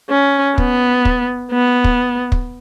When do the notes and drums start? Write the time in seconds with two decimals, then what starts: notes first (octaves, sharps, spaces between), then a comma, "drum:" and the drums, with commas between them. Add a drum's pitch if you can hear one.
0.10 C#4
0.58 B3, drum: kick
1.05 drum: kick
1.52 B3
1.84 drum: kick
2.32 drum: kick